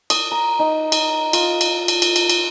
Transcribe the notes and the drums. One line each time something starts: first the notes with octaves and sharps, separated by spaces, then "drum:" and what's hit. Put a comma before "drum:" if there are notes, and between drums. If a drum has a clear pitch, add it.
D#6, drum: cymbal
A#5
D#4
drum: cymbal
F4, drum: cymbal
drum: cymbal
drum: cymbal
drum: cymbal
drum: cymbal
drum: cymbal